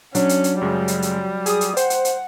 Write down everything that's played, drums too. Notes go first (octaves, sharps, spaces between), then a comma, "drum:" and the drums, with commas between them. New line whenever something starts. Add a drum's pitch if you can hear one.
F#3 C#4 D4, drum: hi-hat
drum: hi-hat
drum: hi-hat
F#2 C#3 G3 G#3
drum: hi-hat
drum: hi-hat
G#4 G#5 D#6, drum: hi-hat
drum: hi-hat
C5 F#5 G5, drum: hi-hat
drum: hi-hat
drum: hi-hat